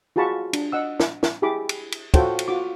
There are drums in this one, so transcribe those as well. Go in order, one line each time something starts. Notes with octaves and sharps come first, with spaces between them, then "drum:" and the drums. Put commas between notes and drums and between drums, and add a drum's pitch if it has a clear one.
F4 F#4 G#4 A5 B5 C#6
D4, drum: cymbal
D#5 F#5 E6
drum: snare
drum: snare
E4 G4 G#4 B5 D6
drum: cymbal
drum: cymbal
F4 F#4 A4 C5 C#5 G5, drum: kick, cymbal
drum: cymbal
F4 F#4 D6